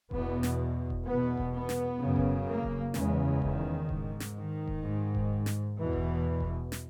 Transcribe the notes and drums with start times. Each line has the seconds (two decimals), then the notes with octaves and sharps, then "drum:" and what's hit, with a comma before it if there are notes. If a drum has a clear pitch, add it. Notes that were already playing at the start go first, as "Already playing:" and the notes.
0.11 E2 B2 B3, drum: kick D#1
0.43 drum: snare
0.90 drum: kick D#1
1.06 E2 B2 B3
1.37 drum: kick D#1
1.53 B3
1.69 drum: snare
2.00 F#2 C#3
2.16 drum: kick D#1
2.47 A#3
2.63 drum: kick D#1
2.94 E2 C#3 G#3, drum: snare
3.42 D#3, drum: kick D#1
3.89 G#2, drum: kick D#1
4.20 drum: snare
4.35 D#3
4.67 drum: kick D#1
4.83 G#2
5.15 drum: kick D#1
5.46 drum: snare
5.78 E2 B2 E3
5.93 drum: kick D#1
6.40 drum: kick D#1
6.72 drum: snare